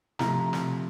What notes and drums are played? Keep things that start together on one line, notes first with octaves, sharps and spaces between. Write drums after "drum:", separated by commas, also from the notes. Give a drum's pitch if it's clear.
C3 F3 A3 A#5, drum: snare
drum: snare